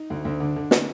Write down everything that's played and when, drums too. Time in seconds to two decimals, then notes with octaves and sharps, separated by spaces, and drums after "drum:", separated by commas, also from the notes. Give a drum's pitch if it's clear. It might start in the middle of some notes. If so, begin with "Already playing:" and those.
Already playing: D#4
0.10 D2
0.25 D2
0.40 D3
0.56 D3
0.71 drum: snare